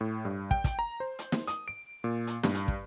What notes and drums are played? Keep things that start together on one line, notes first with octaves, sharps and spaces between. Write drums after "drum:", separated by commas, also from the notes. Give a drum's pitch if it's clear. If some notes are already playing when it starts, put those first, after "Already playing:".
A2
G2
G5, drum: kick
drum: kick, hi-hat
A#5
C5
drum: hi-hat
drum: snare
D#6, drum: hi-hat
D7
A#2
drum: hi-hat
G2, drum: snare
drum: hi-hat
drum: kick